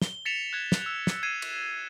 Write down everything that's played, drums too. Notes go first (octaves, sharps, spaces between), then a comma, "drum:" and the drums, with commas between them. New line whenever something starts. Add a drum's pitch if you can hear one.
G7, drum: snare
A6 B6 C#7 E7 F7
F#6 G#6
drum: snare
E6 F7
drum: snare
G#6 C7 D#7 E7
drum: cymbal